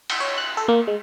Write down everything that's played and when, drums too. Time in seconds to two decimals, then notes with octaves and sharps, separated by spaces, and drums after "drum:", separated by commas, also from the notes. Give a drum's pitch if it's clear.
0.10 drum: cymbal
0.20 C#5
0.38 F#6
0.57 A4
0.68 A#3
0.87 G#3